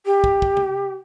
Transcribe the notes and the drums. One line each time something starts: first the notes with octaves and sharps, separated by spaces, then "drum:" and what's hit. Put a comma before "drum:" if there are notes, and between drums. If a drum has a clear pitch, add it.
G4
drum: kick
drum: kick
drum: tom